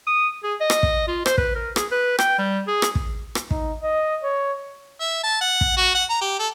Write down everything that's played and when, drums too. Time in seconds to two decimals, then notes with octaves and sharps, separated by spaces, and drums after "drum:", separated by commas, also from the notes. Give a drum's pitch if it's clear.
0.07 D#6
0.43 G#4
0.61 D#5
0.70 drum: rim click
0.83 drum: kick
1.08 F4
1.26 C5, drum: rim click
1.38 B4, drum: kick
1.55 A#4
1.76 G#4, drum: rim click
1.92 B4
2.19 G5, drum: rim click
2.38 G3
2.67 G#4
2.82 drum: rim click
2.95 drum: kick
3.35 drum: rim click
3.51 D#4, drum: kick
3.81 D#5
4.23 C#5
5.00 E5
5.23 A5
5.41 F#5
5.61 drum: kick
5.77 F#4
5.94 F#5
6.09 A#5
6.21 G4
6.39 A4